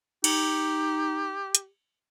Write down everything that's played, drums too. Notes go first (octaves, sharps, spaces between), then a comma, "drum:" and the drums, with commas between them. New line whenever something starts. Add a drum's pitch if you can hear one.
D#4 G4, drum: cymbal
drum: hi-hat